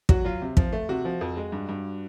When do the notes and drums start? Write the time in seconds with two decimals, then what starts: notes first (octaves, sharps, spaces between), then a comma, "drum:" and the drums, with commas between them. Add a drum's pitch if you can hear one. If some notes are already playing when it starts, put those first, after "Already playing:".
0.09 F#3 F#4, drum: kick
0.25 F#3 F4
0.42 C3
0.57 F3, drum: kick
0.73 A3
0.89 C3 F#4
1.05 F3
1.21 F2
1.37 G#3
1.52 G2
1.69 G2